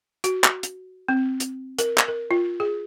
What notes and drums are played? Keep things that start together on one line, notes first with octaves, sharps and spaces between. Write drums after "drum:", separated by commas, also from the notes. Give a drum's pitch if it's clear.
F#4, drum: hi-hat
drum: clap
drum: hi-hat
C4
drum: hi-hat
A#4, drum: hi-hat
drum: clap
A#4
F4
G#4